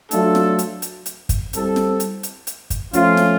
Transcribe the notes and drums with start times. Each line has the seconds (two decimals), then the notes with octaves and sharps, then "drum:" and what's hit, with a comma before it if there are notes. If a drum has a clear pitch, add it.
0.11 F#3 A3 D4 F4 A4, drum: hi-hat
0.35 drum: snare
0.59 drum: hi-hat
0.82 drum: hi-hat
1.06 drum: hi-hat
1.29 drum: kick, hi-hat
1.53 G3 C4 E4 A4, drum: hi-hat
1.76 drum: snare
2.00 drum: hi-hat
2.23 drum: hi-hat
2.47 drum: hi-hat
2.70 drum: kick, hi-hat
2.93 F3 A3 C#4 F4, drum: hi-hat
3.17 drum: snare